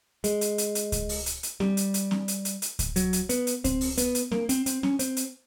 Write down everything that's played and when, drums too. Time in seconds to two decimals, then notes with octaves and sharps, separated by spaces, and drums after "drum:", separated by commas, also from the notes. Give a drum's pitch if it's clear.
0.24 G#3, drum: hi-hat
0.41 drum: hi-hat
0.58 drum: hi-hat
0.75 drum: hi-hat
0.92 drum: kick C#2, hi-hat
1.09 drum: open hi-hat
1.26 drum: hi-hat
1.43 drum: hi-hat
1.60 G3, drum: snare C4
1.77 drum: hi-hat
1.94 drum: hi-hat
2.11 drum: snare C4
2.28 drum: hi-hat
2.45 drum: hi-hat
2.62 drum: hi-hat
2.79 drum: kick C#2, hi-hat
2.96 F#3, drum: hi-hat
3.13 drum: hi-hat
3.29 B3, drum: hi-hat
3.47 drum: hi-hat
3.64 C4, drum: kick C#2, hi-hat
3.81 drum: open hi-hat
3.98 B3, drum: hi-hat
4.15 drum: hi-hat
4.32 A#3, drum: snare C4
4.49 C4, drum: hi-hat
4.66 C4, drum: hi-hat
4.83 C#4, drum: snare C4
4.99 C4, drum: hi-hat
5.17 drum: hi-hat